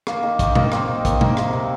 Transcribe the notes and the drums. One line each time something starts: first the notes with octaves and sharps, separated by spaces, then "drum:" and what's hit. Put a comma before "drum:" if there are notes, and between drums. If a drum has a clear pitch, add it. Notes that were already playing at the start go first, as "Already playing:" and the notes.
A#3 A#4, drum: rim click
D#3
D#3 G4, drum: kick, hi-hat
A#3 D#4, drum: tom A#2
A#3 C4, drum: rim click
D#3
D#3, drum: kick, hi-hat
A#3, drum: tom A#2
C3, drum: rim click
C3